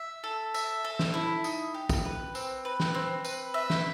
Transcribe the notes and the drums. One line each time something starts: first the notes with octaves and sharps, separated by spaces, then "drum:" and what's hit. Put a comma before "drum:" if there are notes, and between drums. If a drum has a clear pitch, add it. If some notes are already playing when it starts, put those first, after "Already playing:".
Already playing: E5
A4
E5, drum: tambourine
A4
drum: snare
E4
D#4, drum: tambourine
G4
drum: kick, tambourine
B4
C4, drum: tambourine
B4
drum: snare
C4
B4, drum: tambourine
E5
drum: snare